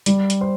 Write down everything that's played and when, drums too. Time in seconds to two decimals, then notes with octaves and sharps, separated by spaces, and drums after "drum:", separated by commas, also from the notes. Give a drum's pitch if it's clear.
0.06 G3, drum: hi-hat
0.30 drum: hi-hat
0.41 C5